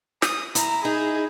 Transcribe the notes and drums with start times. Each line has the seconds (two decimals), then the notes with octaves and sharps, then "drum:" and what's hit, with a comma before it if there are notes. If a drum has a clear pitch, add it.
0.22 D#6, drum: snare
0.55 E4 A#5, drum: hi-hat
0.85 D#4 E4 G#4